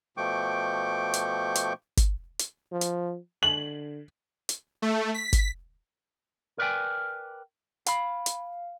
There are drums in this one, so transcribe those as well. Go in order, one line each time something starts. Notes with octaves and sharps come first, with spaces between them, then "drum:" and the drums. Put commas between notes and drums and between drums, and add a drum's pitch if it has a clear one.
B2 F3 A3 G5 C#6 D6
drum: hi-hat
drum: hi-hat
drum: kick G1, hi-hat
drum: hi-hat
F3
drum: hi-hat
D3 F#7
drum: hi-hat
A3
B6
drum: kick G1, hi-hat
A#4 B4 D5 D#5 G5 G#5
F5 B5, drum: hi-hat
drum: hi-hat